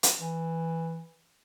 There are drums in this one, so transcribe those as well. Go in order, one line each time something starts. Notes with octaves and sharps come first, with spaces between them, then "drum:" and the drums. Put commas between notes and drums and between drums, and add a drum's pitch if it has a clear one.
drum: hi-hat
E3